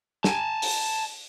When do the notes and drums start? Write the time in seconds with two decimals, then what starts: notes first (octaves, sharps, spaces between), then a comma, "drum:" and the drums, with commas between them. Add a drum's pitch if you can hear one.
0.24 G#5 A5, drum: snare
0.62 drum: open hi-hat